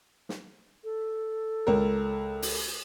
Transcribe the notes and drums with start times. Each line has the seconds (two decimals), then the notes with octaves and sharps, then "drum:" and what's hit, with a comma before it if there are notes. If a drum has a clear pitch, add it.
0.29 drum: snare
0.84 A4
1.67 C#2 A#4
2.42 drum: open hi-hat